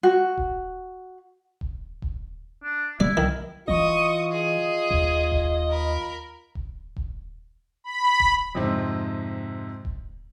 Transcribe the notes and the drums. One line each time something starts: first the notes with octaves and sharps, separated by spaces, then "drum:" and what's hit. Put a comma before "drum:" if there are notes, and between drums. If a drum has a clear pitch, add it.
F#4
drum: kick D#1
drum: kick D#1
drum: kick D#1
D4
C3 G3 A#3 E4 D5
C2 D#3 F#3
E3 F4 D#5 C#6 D#6, drum: kick D#1
G#4 D#5
D#2, drum: kick D#1
drum: kick D#1
A#4 B5
drum: kick D#1
drum: kick D#1
B5
drum: kick D#1
F2 G#2 C3 C4
drum: kick D#1